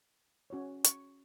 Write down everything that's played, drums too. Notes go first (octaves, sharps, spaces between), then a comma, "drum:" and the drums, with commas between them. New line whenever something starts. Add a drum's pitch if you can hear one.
C#4 F#4 C#5
C#6, drum: hi-hat